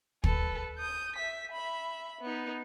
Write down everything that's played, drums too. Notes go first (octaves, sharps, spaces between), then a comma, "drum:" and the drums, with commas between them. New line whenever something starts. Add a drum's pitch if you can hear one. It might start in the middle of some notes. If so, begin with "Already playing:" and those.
A4 B4, drum: kick
D#6 G6
E5 B6
E5 B5
B3 D#4